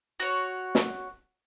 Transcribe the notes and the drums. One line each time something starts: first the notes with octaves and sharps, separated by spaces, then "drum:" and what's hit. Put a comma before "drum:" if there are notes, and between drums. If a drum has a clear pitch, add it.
F#4 C#5
drum: snare